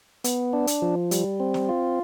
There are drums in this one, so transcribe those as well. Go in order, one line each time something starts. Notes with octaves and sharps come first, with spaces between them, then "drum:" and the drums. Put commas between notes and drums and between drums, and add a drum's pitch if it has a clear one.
B3, drum: hi-hat
D4
drum: hi-hat
F3
G3, drum: hi-hat
C4
drum: snare
F4